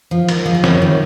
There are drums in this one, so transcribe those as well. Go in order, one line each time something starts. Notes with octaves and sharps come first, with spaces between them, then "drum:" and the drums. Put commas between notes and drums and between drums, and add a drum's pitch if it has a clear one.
F3
G#2 A#4, drum: cymbal
F3 G#4
A#4
F#2 C#5, drum: snare
D#3